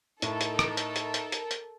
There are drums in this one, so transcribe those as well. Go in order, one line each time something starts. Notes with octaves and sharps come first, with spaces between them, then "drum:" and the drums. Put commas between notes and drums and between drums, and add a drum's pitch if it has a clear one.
A2 D#4 A4 A#4, drum: hi-hat
drum: hi-hat
drum: rim click
drum: hi-hat
drum: hi-hat
drum: hi-hat
drum: hi-hat
drum: hi-hat